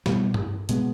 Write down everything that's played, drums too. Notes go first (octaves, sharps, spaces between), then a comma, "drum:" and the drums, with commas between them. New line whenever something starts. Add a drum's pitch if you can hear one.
B2 G3 C4, drum: snare
drum: tom G2
B2 G#3 B3, drum: hi-hat